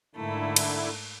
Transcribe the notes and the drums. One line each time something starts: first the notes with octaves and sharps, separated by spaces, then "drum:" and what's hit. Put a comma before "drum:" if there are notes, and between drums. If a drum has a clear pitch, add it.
G#2 D3 A3 A#3 E4
drum: cymbal